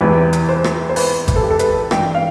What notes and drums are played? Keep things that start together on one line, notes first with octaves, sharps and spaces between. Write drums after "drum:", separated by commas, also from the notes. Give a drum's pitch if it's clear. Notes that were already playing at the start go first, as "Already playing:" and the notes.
E2 C3 E3 B4
drum: hi-hat
C5
drum: rim click
C5
B4, drum: open hi-hat
B4, drum: kick G#1, hi-hat
A4
G4
A4
B4, drum: hi-hat
G2 E3 G5, drum: rim click
F5